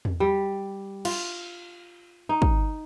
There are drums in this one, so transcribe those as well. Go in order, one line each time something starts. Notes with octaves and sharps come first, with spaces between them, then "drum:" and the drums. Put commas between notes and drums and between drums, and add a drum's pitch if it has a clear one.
drum: tom E2
G3
F4, drum: cymbal
D#4
drum: kick